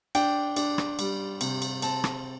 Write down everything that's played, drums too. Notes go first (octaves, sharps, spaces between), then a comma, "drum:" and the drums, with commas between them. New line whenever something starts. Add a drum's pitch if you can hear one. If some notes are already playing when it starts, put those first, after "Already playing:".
D4 G5, drum: cymbal
D4, drum: cymbal
drum: rim click
G3, drum: cymbal
C3, drum: cymbal
drum: cymbal
C4 A5, drum: cymbal
drum: rim click